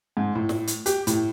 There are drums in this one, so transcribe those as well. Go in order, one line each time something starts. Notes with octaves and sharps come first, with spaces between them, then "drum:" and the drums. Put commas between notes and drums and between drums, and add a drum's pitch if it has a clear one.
G#2
A2
drum: snare
drum: hi-hat
G4, drum: hi-hat
A2, drum: hi-hat